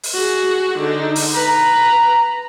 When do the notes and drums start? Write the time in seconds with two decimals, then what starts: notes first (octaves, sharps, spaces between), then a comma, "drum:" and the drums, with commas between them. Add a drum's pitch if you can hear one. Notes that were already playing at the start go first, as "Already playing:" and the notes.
0.03 drum: open hi-hat
0.14 F#4 G#4
0.79 D3 D#4
1.16 drum: open hi-hat
1.35 B4 A#5